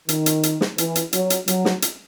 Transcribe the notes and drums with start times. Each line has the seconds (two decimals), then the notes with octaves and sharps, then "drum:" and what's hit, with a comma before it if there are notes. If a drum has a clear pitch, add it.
0.09 D#3, drum: hi-hat
0.26 drum: hi-hat
0.43 drum: hi-hat
0.61 drum: snare
0.78 E3, drum: hi-hat
0.95 drum: hi-hat
1.13 F#3, drum: hi-hat
1.30 drum: hi-hat
1.48 F#3, drum: hi-hat
1.65 drum: snare
1.82 drum: hi-hat